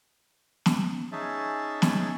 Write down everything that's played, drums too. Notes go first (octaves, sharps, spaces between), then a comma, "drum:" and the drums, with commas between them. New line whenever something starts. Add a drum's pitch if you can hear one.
drum: snare
C#4 D#4 G#4 E5 A5
drum: snare